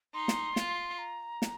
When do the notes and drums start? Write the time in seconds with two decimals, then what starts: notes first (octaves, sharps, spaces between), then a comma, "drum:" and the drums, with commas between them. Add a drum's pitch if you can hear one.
0.14 D#4 C6
0.28 drum: snare
0.56 F4, drum: snare
0.99 A#5
1.42 drum: snare